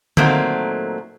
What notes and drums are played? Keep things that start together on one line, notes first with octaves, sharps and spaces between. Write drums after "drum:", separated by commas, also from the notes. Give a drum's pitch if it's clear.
A#2 D#3 F#3 A3 A#3 C4, drum: tom D3